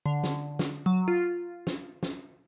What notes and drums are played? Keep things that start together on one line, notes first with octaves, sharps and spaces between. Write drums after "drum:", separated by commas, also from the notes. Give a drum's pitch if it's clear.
D3
drum: snare
drum: snare
F#3
F4
drum: snare
drum: snare